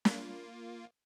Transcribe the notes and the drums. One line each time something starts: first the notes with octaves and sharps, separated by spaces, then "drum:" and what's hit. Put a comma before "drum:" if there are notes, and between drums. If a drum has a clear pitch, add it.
A#3 F4, drum: snare